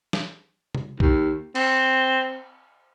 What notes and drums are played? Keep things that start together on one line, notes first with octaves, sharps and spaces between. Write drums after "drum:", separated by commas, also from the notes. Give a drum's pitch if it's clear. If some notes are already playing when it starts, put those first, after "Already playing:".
drum: snare
drum: tom
D#2, drum: kick
C4, drum: cymbal